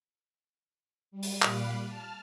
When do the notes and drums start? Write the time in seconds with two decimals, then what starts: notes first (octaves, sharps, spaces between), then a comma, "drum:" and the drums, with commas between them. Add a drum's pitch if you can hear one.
1.11 G3
1.22 drum: open hi-hat
1.42 A#2 G3 F5 B5 D6 F#6, drum: clap
1.86 A5 F6